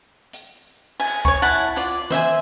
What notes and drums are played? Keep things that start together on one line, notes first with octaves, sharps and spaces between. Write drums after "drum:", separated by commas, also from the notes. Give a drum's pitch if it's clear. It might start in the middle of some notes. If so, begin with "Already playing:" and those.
drum: hi-hat
G#5, drum: cymbal
C#5 C#6, drum: kick
E4 F#5 A5
F4 D5
C5 E5 G5 G#5, drum: tom D#3